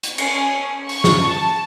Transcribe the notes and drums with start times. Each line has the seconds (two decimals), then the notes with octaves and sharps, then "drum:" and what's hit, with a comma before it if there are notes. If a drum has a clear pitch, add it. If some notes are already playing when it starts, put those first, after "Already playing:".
0.03 drum: hi-hat
0.18 C#4, drum: cymbal
0.89 C#6, drum: open hi-hat
1.04 drum: snare
1.28 A5